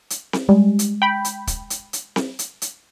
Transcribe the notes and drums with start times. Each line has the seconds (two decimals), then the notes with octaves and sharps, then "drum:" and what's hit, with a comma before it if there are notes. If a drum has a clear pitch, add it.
0.10 drum: hi-hat
0.33 drum: snare C4
0.49 G3 G#3
0.79 drum: hi-hat
1.02 G5 B5
1.25 drum: hi-hat
1.47 drum: kick, hi-hat
1.70 drum: hi-hat
1.93 drum: hi-hat
2.16 drum: snare C4
2.39 drum: hi-hat
2.62 drum: hi-hat